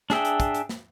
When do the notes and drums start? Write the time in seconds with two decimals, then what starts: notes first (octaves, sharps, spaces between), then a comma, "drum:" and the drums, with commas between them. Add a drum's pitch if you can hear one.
0.10 D4 G#4 E5 G5, drum: snare
0.25 drum: hi-hat
0.40 drum: kick, hi-hat
0.55 drum: hi-hat
0.69 drum: snare